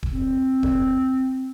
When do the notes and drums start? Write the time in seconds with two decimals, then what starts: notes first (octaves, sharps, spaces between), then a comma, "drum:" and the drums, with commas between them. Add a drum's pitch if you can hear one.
0.03 drum: kick D#1
0.13 C4
0.63 drum: kick D#1